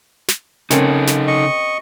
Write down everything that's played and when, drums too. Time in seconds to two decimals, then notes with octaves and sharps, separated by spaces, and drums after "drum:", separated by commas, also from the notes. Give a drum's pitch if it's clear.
0.28 drum: snare
0.70 C#3 A#3 C4 C#4 D#4 A4, drum: snare
1.07 drum: snare
1.27 D#5 C#6